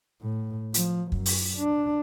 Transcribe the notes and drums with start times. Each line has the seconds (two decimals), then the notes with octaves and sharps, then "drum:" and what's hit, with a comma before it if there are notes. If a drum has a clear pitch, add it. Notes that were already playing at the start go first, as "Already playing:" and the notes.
0.22 A2
0.74 F3, drum: hi-hat
1.12 F#2, drum: kick
1.26 drum: open hi-hat
1.56 D4